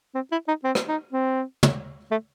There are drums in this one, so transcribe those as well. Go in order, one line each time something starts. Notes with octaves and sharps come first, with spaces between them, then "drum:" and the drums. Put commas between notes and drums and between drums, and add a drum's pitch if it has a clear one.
C4
E4
D#4
C4
drum: rim click
D#4
C4
drum: tom
A3